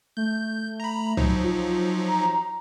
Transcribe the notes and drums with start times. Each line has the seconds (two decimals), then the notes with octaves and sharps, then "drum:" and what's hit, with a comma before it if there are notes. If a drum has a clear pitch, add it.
0.17 A3 G6
0.80 A#5 B5
1.17 F3 F#3 D#4, drum: tom
1.44 F4
2.07 A#5